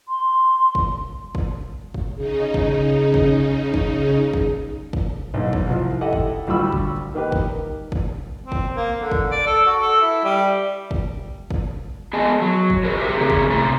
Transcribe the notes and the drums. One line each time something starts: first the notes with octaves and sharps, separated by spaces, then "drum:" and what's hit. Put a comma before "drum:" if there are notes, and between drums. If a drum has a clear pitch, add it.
C6
drum: kick
drum: kick
drum: kick
C#3 D#4 G#4
drum: kick
drum: kick
drum: kick
drum: kick
drum: kick
B1 G#2
drum: kick
C2 F3
E4 G4 A4 D#5 F#5
drum: kick
D2 G3 F4 F#4 B5 E6
drum: kick
D#3 A#3 D#4 G4 B4
drum: kick
drum: kick
C4
drum: kick
A#3
D3
drum: kick
D5
A4
F#4
A4
E4
G3
drum: kick
drum: kick
B3 G#4 D#5 G#5 A5
F#3
drum: kick
F#4 G#4 A#4 C5
G4 E5
C#3 C4 G#4 A#5
drum: kick
A2 C3 A#5